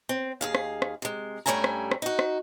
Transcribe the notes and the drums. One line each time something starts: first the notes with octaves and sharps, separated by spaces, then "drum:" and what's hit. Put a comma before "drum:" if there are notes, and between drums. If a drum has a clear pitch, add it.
C4
D#2 G#4 F5
drum: rim click
drum: rim click
C3 G#3
G2 G3 A3 C#4 G#5 A#5
drum: rim click
drum: rim click
D#4 F#4
drum: rim click